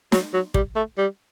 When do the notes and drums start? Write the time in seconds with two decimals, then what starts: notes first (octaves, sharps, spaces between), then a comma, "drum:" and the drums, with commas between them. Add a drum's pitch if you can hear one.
0.12 F#3, drum: snare
0.34 F#3
0.54 G3, drum: kick
0.76 A3
0.98 G3